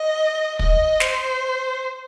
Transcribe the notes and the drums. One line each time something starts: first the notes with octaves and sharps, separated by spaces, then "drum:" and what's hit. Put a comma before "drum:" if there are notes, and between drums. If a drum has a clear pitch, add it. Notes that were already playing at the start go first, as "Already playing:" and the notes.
Already playing: D#5
D#5, drum: kick
C5, drum: snare